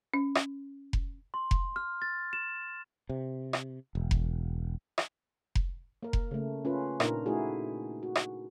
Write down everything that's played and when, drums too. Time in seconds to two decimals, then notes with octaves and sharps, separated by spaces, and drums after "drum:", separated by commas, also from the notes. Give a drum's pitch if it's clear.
0.14 C#4
0.35 drum: rim click
0.93 drum: kick F1
1.34 C6
1.51 drum: kick F1
1.76 F6
2.02 A6
2.33 E7
3.09 C3
3.53 drum: rim click
3.95 E1
4.11 drum: kick F1
4.98 drum: rim click
5.55 drum: kick F1
6.03 A#3 A#4
6.13 drum: kick F1
6.31 C#3 A3
6.65 C#4 F4 B4
7.00 A#2 A#3 D4 D#4 A#4, drum: rim click
7.26 A3 D#4 E4 F#4 G#4
8.03 F#4
8.15 drum: rim click